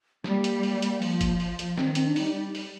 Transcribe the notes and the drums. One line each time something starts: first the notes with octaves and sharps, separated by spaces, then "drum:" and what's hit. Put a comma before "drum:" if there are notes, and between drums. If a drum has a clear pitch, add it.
G3 A#3, drum: snare
drum: hi-hat
drum: open hi-hat
drum: hi-hat
F3, drum: open hi-hat
drum: kick, hi-hat
drum: open hi-hat
drum: hi-hat
D#3 C4, drum: snare
C4, drum: hi-hat
D4
G3 D#4, drum: open hi-hat
drum: open hi-hat